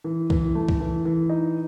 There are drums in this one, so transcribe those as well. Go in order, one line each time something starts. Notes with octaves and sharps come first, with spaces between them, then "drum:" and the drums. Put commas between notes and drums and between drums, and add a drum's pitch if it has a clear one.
E3
E3, drum: kick C2
A3
drum: kick C2
E3
E3
D#4